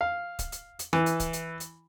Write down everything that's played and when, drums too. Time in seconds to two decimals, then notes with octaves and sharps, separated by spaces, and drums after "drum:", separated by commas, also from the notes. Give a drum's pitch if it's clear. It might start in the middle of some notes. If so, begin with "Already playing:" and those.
0.01 F5
0.39 drum: kick C#1, hi-hat
0.52 drum: hi-hat
0.79 drum: hi-hat
0.93 E3, drum: rim click
1.06 drum: hi-hat
1.20 drum: kick C#1, hi-hat
1.33 drum: hi-hat
1.60 drum: hi-hat